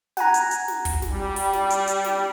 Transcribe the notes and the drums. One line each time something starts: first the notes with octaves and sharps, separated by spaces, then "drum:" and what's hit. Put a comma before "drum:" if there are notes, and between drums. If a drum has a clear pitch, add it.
F#5 G#5 A#5, drum: snare
drum: hi-hat
drum: hi-hat
drum: snare
drum: kick, open hi-hat
drum: snare
G3
drum: open hi-hat
drum: snare
drum: hi-hat
drum: hi-hat
drum: snare